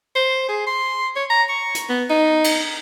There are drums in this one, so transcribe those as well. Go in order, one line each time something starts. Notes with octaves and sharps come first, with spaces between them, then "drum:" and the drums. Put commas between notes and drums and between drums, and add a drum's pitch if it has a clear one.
C5
G#4
C6
C#5
A#5
C#6
drum: hi-hat
B3
D#4
drum: cymbal